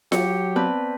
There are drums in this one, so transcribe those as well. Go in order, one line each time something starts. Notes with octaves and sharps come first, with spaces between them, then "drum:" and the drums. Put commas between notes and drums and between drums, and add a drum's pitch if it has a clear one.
F#3 G4 C#7, drum: snare F4
B3 C4 B4 D5 A5